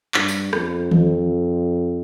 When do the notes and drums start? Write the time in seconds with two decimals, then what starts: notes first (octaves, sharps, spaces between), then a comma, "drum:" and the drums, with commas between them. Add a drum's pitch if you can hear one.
0.14 G2, drum: clap
0.28 drum: tambourine
0.53 F2, drum: rim click
0.91 F2, drum: tom D#3